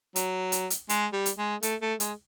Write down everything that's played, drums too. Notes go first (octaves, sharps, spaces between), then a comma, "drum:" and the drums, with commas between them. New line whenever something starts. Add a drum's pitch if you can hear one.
F#3, drum: hi-hat
drum: hi-hat
drum: hi-hat
G#3, drum: hi-hat
G3
drum: hi-hat
G#3
A3, drum: hi-hat
A3
G#3, drum: hi-hat